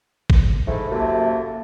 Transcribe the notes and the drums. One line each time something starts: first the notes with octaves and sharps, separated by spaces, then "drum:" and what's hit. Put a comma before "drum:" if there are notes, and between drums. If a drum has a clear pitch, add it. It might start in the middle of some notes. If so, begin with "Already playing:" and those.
drum: kick
G#2 A3 E4
F#2 C3 A3 A#3